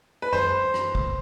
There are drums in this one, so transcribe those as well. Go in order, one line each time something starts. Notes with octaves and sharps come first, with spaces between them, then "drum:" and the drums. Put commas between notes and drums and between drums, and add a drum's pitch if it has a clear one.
B4
C5, drum: tom F#2
drum: rim click
drum: kick G#1